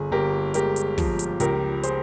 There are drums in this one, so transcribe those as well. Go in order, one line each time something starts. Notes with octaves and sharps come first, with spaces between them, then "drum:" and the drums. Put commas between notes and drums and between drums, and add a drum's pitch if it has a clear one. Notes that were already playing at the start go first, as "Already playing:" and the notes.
Already playing: G1 G#4
G1 G4 A#4
G#3 G4 A#4, drum: hi-hat
drum: hi-hat
F3, drum: kick, open hi-hat
drum: hi-hat
C#2 G4 A#4, drum: hi-hat
G#4 C5, drum: hi-hat